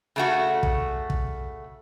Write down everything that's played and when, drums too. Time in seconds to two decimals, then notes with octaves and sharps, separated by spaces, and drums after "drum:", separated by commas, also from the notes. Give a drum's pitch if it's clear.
0.16 C#3 A3 F#4
0.63 drum: kick
1.10 drum: kick